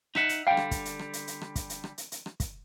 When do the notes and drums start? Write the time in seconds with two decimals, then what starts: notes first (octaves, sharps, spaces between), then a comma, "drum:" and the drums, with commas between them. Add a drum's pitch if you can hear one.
0.15 D#4 E5 F#5, drum: rim click
0.29 drum: hi-hat
0.47 D3 G3 F5 G5
0.57 drum: rim click
0.71 drum: kick, hi-hat
0.85 drum: hi-hat
0.99 drum: rim click
1.13 drum: hi-hat
1.27 drum: hi-hat
1.41 drum: rim click
1.56 drum: kick, hi-hat
1.70 drum: hi-hat
1.84 drum: rim click
1.98 drum: hi-hat
2.12 drum: hi-hat
2.26 drum: rim click
2.40 drum: kick, hi-hat